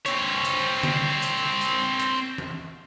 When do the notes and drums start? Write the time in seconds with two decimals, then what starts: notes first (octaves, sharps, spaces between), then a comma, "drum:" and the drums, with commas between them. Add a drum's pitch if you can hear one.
0.06 C4 C#5, drum: hi-hat
0.45 drum: hi-hat
0.83 drum: tom D3
1.22 drum: hi-hat
1.61 drum: hi-hat
2.00 drum: hi-hat
2.38 drum: tom E3